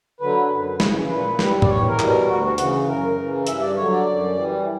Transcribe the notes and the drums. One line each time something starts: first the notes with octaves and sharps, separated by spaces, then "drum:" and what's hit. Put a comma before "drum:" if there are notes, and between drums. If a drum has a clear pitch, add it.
D3 F#3 B4
F#2
C#3, drum: snare
E3
A#2 B4
G3, drum: snare
D5, drum: tom
E2 C#5
A#4
B2 G3, drum: clap
A#4
D2 F#4
F#4
C#3 E3 F#4, drum: hi-hat
F#2 A#4
C#3 E3
G2 E5, drum: hi-hat
D5
D3 F#3 C#5
D5
F#2
E3 G3